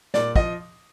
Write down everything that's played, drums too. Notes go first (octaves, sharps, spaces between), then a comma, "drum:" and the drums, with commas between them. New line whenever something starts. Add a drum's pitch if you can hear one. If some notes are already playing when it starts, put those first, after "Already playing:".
A#2 D5, drum: snare
F3 D#5, drum: kick